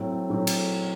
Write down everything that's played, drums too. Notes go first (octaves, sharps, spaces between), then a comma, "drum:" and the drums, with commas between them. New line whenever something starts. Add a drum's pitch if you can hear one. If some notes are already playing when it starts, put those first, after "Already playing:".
Already playing: A2 F#3 C4
A2 F#3 C4
drum: cymbal